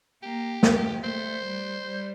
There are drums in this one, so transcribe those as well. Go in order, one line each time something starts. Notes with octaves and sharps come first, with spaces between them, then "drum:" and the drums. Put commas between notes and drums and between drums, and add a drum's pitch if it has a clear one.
A#3 G4
A3, drum: snare
A3 C5
G3
G3